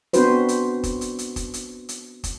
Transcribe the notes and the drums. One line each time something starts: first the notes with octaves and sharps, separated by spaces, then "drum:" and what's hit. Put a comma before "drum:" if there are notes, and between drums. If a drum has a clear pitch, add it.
B3 C4 D4 F#4 B4 C5, drum: hi-hat
drum: hi-hat
drum: kick, hi-hat
drum: hi-hat
drum: hi-hat
drum: kick, hi-hat
drum: hi-hat
drum: hi-hat
drum: kick, hi-hat